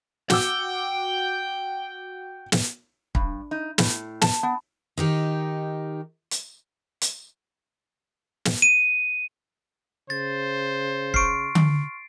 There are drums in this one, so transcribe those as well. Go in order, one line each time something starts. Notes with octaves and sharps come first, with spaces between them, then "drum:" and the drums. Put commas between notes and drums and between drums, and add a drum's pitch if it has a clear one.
F#4 G5 D6 E6, drum: snare
drum: snare
G2, drum: kick
D#4
A2, drum: snare
A5, drum: snare
B3
D#3 D#4 G4
drum: hi-hat
drum: hi-hat
drum: snare
D#7
C#3 C5 A6
C6 C#6 F6 C7 D7, drum: kick
drum: tom D3